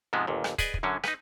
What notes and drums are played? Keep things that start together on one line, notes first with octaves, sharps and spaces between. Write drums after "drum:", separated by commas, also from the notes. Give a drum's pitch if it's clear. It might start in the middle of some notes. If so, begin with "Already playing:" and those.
G#2 C3 F3 G#3 B3
G1 D#2 A#2
drum: rim click
G#4 B4 D5 D#5 G#5, drum: kick, hi-hat
drum: kick
F#2 D3 F#3 C#4
D#4 B4, drum: rim click